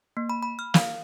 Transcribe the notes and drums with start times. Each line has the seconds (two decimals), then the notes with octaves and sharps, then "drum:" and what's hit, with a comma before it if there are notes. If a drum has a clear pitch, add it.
0.17 A#3
0.30 B5
0.42 B5
0.59 F6
0.74 F5, drum: snare